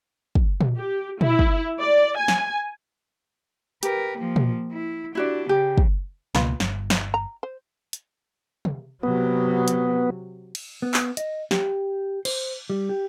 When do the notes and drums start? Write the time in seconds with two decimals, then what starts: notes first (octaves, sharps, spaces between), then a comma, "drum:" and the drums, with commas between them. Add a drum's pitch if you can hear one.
0.35 drum: kick
0.61 drum: tom A#2
0.77 G4
1.21 E4, drum: tom A#2
1.39 drum: kick
1.80 D5
2.18 G#5
2.28 drum: snare
3.83 G4 A#4 B4, drum: hi-hat
4.18 F3 A#3
4.36 drum: tom A#2
4.72 E4
5.15 D4 E4 F#4 G4 D5
5.49 C#3 G4
5.78 drum: kick
6.35 C#2 B2 A#3 F4 B4, drum: snare
6.60 G1, drum: snare
6.90 drum: snare
7.14 A#5
7.43 C5
7.93 drum: hi-hat
8.65 drum: tom C3
9.03 C3 F#3 B3
9.68 drum: hi-hat
10.55 drum: cymbal
10.82 B3
10.94 drum: clap
11.17 D#5, drum: hi-hat
11.51 G4, drum: snare
12.25 C5, drum: cymbal
12.70 G3
12.89 G4